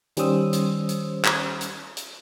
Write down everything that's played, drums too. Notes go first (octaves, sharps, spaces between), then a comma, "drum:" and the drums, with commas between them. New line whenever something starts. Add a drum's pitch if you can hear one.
D#3 G3 C#4 C5 D#6 E6, drum: hi-hat
drum: hi-hat
drum: hi-hat
drum: clap
drum: hi-hat
drum: hi-hat